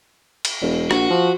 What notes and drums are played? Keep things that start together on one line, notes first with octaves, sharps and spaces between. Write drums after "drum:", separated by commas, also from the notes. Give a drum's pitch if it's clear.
drum: cymbal
E1
A#1 F#4, drum: rim click
F3